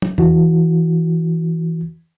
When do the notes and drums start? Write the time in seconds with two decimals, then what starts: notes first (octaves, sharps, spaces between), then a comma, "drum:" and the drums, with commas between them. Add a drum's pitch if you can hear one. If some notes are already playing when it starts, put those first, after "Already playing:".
0.02 drum: tom
0.18 E3 F#4, drum: tom E2